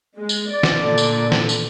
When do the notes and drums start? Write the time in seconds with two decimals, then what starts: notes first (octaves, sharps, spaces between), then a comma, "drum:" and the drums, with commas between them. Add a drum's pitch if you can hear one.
0.17 G#3
0.29 drum: tambourine
0.50 D5
0.63 drum: snare
0.80 A#2 D3
0.98 drum: tambourine
1.32 drum: snare
1.49 drum: tambourine